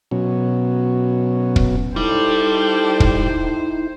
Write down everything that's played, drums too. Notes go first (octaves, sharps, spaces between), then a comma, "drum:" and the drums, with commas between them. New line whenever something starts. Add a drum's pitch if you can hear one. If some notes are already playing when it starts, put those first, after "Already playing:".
B2 F#3 C#4
drum: kick
G3 D#4 E4 A4 C5 G5
drum: kick